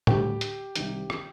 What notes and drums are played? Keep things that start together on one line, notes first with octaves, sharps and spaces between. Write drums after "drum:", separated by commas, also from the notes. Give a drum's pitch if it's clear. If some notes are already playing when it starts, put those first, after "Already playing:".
D2 D3 G3 G4, drum: tom A2
drum: hi-hat
C2 C3 D#3, drum: hi-hat
drum: rim click